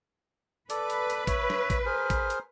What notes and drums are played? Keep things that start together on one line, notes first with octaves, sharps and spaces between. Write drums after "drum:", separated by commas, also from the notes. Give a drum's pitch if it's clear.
A4 B4 D5, drum: hi-hat
drum: hi-hat
drum: hi-hat
C#5 E5, drum: kick, hi-hat
drum: snare
drum: kick, hi-hat
G#4 A#4 C5
drum: kick, hi-hat
drum: hi-hat